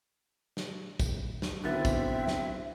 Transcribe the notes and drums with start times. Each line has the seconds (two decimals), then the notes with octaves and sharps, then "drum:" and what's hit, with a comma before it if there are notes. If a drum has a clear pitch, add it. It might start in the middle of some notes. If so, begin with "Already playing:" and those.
0.57 drum: snare
1.00 drum: kick, tambourine
1.42 drum: snare
1.64 D3 D#3 B3 C4 E4 F#4 E5 A6
1.85 drum: kick, tambourine
2.27 drum: snare